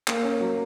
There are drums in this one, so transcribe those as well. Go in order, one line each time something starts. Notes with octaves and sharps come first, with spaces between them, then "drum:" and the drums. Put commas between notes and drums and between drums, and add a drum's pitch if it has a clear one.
A#3, drum: clap
C#4
F#3